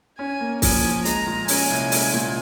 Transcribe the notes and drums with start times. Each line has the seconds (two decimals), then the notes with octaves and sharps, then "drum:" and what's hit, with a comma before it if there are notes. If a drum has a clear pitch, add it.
0.19 C#4 G#5
0.40 A#3
0.62 F3 G#5, drum: kick C2, open hi-hat
0.83 F3
1.05 G#3 A#5, drum: hi-hat
1.27 A#2
1.48 C#4 G#5, drum: open hi-hat
1.70 C2
1.92 G#3, drum: open hi-hat
2.13 A#2